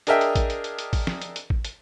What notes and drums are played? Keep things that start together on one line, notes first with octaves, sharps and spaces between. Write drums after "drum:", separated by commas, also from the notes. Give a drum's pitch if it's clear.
D4 G#4 A#4 D#5 E5 G5, drum: hi-hat
drum: hi-hat
drum: kick, hi-hat
drum: hi-hat
drum: hi-hat
drum: hi-hat
drum: kick, open hi-hat
drum: snare
drum: hi-hat
drum: hi-hat
drum: kick
drum: hi-hat